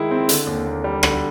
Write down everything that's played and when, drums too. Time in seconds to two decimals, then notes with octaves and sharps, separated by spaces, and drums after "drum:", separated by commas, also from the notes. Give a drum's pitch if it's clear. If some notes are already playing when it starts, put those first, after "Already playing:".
Already playing: D#3 G#3 E4
0.11 C4
0.29 D3, drum: hi-hat
0.47 D#2
0.67 A#3
0.84 G3
1.03 D3, drum: rim click